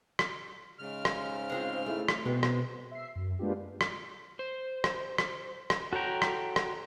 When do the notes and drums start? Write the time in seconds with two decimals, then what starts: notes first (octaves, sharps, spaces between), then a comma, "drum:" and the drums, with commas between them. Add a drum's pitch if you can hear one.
0.19 drum: rim click
0.79 G#2 C#3 F6
1.05 drum: rim click
1.50 G#3 C4 F4
1.86 A3 E4 G#4
2.08 drum: rim click
2.26 B2 G#3 B3 C4
2.43 drum: rim click
2.91 E5 C7
3.15 F#2
3.39 G#3 A#3 B3 D4 F4 G4
3.81 drum: rim click
4.39 C5
4.84 drum: rim click
5.18 drum: rim click
5.70 drum: rim click
5.93 F#4 A4 C#5 G5 A#5
6.22 drum: rim click
6.56 drum: rim click